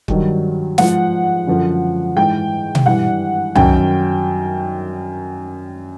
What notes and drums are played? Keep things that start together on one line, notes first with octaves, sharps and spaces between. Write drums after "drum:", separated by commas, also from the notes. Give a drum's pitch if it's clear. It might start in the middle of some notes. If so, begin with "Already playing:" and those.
G2 D#3 F#3, drum: kick
G#2 F3 F#5, drum: snare
F#2 D3 F3
G#2 E3 G5
drum: tom B2
G2 E3 F#5
F#2 D#3 F#3 G5, drum: tom C2